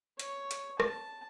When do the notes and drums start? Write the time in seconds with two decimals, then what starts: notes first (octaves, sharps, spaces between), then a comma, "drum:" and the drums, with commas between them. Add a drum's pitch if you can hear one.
0.19 C#5, drum: hi-hat
0.51 drum: hi-hat
0.80 A5, drum: rim click